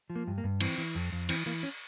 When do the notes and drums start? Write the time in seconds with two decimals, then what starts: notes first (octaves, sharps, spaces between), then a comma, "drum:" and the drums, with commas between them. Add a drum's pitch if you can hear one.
0.10 F3
0.16 A#3
0.27 G2
0.38 A#3
0.44 G2
0.61 E3 C4, drum: cymbal
0.78 E3
0.95 F2
1.12 F2
1.29 E3 C4, drum: cymbal
1.46 E3 A#3
1.63 C#4